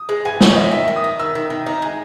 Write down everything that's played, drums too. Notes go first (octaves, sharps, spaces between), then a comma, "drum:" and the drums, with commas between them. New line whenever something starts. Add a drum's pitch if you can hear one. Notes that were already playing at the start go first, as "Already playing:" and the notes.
Already playing: D#6
G#3
E3 G#5
B3 C#5, drum: snare
E3 D#5
D#3 E5
D#3
D#6
D#4
D#3 E6
D#3
D#3
D#4
G#3